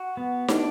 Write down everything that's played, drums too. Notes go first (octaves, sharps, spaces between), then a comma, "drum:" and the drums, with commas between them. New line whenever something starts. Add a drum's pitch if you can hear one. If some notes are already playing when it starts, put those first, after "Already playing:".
Already playing: F#4
B3
D4, drum: snare